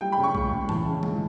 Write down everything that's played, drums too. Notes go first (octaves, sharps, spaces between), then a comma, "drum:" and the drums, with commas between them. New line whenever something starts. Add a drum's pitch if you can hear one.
G3 G5
B5
C#3
C#6
C#2, drum: kick A#1
C#2
E3 A5, drum: tom A2
C#3
C#2, drum: tom D3